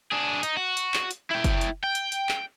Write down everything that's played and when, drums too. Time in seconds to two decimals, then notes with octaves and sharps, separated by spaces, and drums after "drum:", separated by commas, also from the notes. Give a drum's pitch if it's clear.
0.12 D4 G#4
0.43 D#4, drum: hi-hat
0.57 F#4
0.77 drum: hi-hat
0.94 drum: clap
1.11 drum: hi-hat
1.31 E4 G5
1.44 drum: kick F#1, hi-hat
1.61 drum: hi-hat
1.84 G5
1.95 drum: hi-hat
2.12 drum: hi-hat
2.29 drum: clap